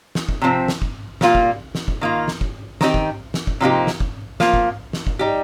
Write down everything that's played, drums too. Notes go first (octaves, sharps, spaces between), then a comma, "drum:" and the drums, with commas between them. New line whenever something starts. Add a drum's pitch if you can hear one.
drum: snare
drum: kick
C3 F3 C4
drum: snare
drum: kick
A#2 G3 A#3 F4, drum: snare
drum: kick
drum: snare
drum: kick
D#3 A#3 F4
drum: snare
drum: kick
D#3 C4 D#4 G4, drum: snare
drum: kick
drum: snare
drum: kick
C3 F3 A#3 D#4 G4
drum: snare
drum: kick
F3 A#3 F4, drum: snare
drum: kick
drum: snare
drum: kick
G3 D#4 G4